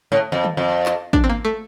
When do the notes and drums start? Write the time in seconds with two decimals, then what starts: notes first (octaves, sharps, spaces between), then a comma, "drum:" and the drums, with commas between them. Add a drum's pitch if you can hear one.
0.12 A2
0.32 F2
0.44 drum: tom D#3
0.57 F2
0.86 drum: clap
1.13 D4, drum: kick
1.24 C4
1.30 A#3
1.45 A3